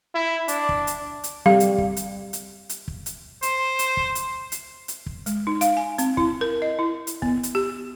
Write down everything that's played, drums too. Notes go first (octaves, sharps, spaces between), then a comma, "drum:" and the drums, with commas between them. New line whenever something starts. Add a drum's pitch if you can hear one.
E4
D4, drum: hi-hat
drum: kick
drum: hi-hat
drum: hi-hat
G3 F5
drum: hi-hat
drum: kick
drum: hi-hat
drum: hi-hat
drum: hi-hat
drum: kick
drum: hi-hat
C5, drum: hi-hat
drum: hi-hat
drum: kick
drum: hi-hat
drum: hi-hat
drum: hi-hat
drum: kick
G#3, drum: hi-hat
D#4
F5, drum: hi-hat
G#5
C4, drum: hi-hat
E4, drum: kick
A#4
D#5
E4
drum: hi-hat
B3, drum: kick
drum: hi-hat
G4